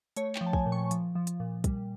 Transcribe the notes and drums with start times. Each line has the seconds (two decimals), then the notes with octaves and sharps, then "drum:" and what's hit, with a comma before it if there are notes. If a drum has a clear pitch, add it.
0.16 A3 C#5, drum: hi-hat
0.35 G5, drum: clap
0.41 F3
0.46 A5
0.53 G#5, drum: kick
0.66 A#2
0.72 C#6
0.91 F3, drum: hi-hat
1.15 F3
1.27 drum: hi-hat
1.40 A#2
1.64 G3, drum: kick, hi-hat